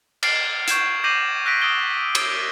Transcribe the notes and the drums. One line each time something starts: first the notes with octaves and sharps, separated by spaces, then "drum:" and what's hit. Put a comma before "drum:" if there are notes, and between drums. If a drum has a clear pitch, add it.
F6 A6 C7 D7 F#7, drum: cymbal
C#6 G6 G#6 E7, drum: hi-hat
D6 G6 A#6 C7 D#7 F#7
E6 F#6 A#6 B6 D7
D#6 E6 G6 A6 D7 G7
drum: cymbal